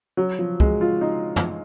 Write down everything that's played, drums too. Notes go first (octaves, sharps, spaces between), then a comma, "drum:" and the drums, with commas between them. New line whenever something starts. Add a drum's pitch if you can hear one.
F#3
F3
G#3, drum: kick
F4
D#4
drum: tom